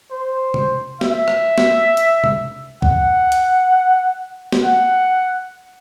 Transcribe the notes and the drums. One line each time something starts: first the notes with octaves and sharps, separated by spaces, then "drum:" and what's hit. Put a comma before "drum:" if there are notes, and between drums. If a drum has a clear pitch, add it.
C5
drum: tom C3
E5, drum: snare
drum: rim click
drum: snare
drum: hi-hat
drum: tom C3
F#5, drum: kick
drum: hi-hat
drum: snare
F#5